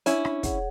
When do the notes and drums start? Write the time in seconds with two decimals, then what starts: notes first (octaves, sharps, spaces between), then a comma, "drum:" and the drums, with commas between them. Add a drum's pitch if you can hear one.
0.06 C#4 D4 E4, drum: hi-hat
0.25 drum: rim click
0.43 G#4 C#5 F#5, drum: kick, hi-hat